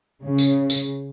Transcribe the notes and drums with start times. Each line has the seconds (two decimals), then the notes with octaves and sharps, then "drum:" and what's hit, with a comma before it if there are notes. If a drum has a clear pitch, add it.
0.23 C#3
0.38 drum: tambourine
0.70 drum: tambourine